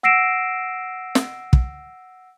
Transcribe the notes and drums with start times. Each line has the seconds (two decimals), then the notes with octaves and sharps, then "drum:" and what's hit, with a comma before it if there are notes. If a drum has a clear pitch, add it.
0.03 F#5 E6 A#6 C7 D7 E7
1.15 drum: snare
1.53 drum: kick